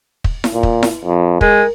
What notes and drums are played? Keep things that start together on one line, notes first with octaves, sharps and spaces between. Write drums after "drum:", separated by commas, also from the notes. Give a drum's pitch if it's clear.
drum: kick
drum: snare E4
A#2
drum: kick
drum: snare E4
F2
G#3 A#4, drum: kick